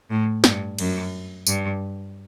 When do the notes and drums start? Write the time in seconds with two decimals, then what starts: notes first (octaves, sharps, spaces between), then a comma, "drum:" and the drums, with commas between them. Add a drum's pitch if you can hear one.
0.10 A2
0.44 G2, drum: snare
0.79 F#2, drum: cymbal
1.47 G2, drum: tambourine